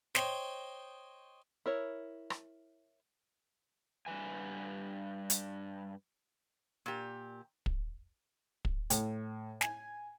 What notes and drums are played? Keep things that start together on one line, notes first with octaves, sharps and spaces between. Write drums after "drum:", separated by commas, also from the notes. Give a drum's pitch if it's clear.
C5 C#5 D#5 G5, drum: snare
E4 A#4 C#5
drum: rim click
G2 D#3 B4 G#5
drum: hi-hat
A#2 G4
drum: kick
drum: kick
A2, drum: hi-hat
G#5, drum: snare